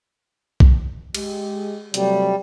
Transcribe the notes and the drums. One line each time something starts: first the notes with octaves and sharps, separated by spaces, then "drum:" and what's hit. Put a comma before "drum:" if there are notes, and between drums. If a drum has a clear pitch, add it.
drum: kick B1
G#3 G4, drum: cymbal
C3 F#3 G3 A3, drum: hi-hat